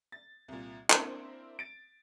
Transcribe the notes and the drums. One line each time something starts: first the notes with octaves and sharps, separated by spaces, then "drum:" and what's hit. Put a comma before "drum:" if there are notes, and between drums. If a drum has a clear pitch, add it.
A6
C2 A#2
A#3 C4 D4 E4 A#4 C5, drum: clap
A6 D7